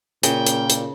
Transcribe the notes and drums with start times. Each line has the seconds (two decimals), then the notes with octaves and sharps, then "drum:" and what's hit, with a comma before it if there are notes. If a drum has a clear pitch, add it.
0.23 A#2 C#3 G5, drum: hi-hat
0.47 drum: hi-hat
0.70 drum: hi-hat